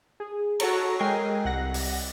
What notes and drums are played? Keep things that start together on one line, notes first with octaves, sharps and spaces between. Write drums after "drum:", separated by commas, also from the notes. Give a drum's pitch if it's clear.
G#4
F#4 A4 C#5 A#5, drum: cymbal
G#3 A#4 D#5 G5 G#5 C7
C2 F#5 A#6
drum: open hi-hat